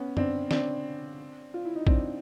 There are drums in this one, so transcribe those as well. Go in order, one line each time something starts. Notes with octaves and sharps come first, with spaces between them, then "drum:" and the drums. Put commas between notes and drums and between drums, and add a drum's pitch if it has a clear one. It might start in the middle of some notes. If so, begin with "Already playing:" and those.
Already playing: B3 C#4
C4 D4, drum: tom
C4 D4, drum: snare
F4
E4
D#4
C4 D4, drum: kick